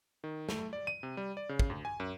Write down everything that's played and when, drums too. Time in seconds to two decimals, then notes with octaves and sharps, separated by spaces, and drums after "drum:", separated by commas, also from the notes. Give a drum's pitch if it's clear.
0.24 D#3
0.49 A3, drum: snare
0.73 D5
0.87 D#7
1.03 C3
1.17 G3
1.37 D5
1.49 C#3
1.59 drum: kick
1.70 D2
1.85 G#5
2.00 F#2